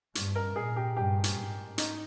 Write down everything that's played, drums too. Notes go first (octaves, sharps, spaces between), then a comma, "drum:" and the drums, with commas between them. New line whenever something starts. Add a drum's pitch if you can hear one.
G2, drum: hi-hat
A#4
A#2 G#4
G4
G2 G4
drum: hi-hat
G#2
D#4, drum: hi-hat